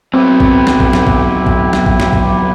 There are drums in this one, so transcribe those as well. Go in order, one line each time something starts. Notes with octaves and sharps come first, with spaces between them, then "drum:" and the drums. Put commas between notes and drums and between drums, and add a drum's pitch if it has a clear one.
F#3 B3 C4 E4 G4
drum: kick A1
drum: snare
drum: kick A1
drum: snare
drum: kick A1
drum: kick A1
drum: snare
drum: kick A1
drum: snare
drum: kick A1